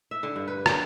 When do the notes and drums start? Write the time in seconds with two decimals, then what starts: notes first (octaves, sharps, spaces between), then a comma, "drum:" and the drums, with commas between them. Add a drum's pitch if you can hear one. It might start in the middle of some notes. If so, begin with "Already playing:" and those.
0.11 E5
0.23 D3
0.36 G2
0.48 B4
0.66 F#3, drum: rim click